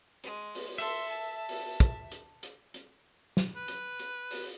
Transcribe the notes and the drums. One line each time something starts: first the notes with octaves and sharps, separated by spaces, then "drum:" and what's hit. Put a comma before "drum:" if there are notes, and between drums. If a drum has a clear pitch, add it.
G#3, drum: hi-hat
drum: open hi-hat
A4 E5 C6
A5
drum: open hi-hat
drum: kick, hi-hat
drum: hi-hat
drum: hi-hat
drum: hi-hat
drum: snare
B4
drum: hi-hat
drum: hi-hat
drum: open hi-hat